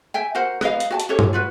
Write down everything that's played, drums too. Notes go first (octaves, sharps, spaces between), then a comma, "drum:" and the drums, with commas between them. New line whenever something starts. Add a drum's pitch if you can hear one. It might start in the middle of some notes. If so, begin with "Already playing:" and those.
E5 G5 G#5
F#4 A#4 C5 F#5
B4 D#5 F5, drum: rim click
drum: hi-hat
F#4 G#5 A5
drum: hi-hat
C#4 G4 A4 C#5
drum: tom G2
F4 F#4 B4